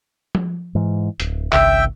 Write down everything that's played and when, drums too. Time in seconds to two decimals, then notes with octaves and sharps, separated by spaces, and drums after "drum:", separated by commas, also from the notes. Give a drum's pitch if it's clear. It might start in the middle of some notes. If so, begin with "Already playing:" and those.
0.35 drum: tom F3
0.75 G#2 E3
1.20 D1, drum: hi-hat
1.53 G#1 C#2 E5 G5, drum: clap